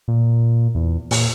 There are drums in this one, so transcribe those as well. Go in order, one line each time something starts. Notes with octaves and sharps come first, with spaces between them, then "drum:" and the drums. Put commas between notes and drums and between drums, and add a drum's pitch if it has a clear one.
A#2
E2
A#2, drum: open hi-hat